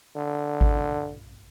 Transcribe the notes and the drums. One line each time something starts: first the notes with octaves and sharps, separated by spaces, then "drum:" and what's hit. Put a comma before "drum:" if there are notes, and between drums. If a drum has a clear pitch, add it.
D3
drum: kick G#1